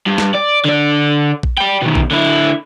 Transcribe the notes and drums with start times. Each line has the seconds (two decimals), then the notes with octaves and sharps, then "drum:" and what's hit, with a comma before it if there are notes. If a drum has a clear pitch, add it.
0.07 G2
0.18 drum: snare
0.35 D5
0.65 D3 D5
1.43 drum: kick A#1
1.58 D5 G5
1.82 B2 D#3
1.95 drum: kick A#1
2.11 D3 E4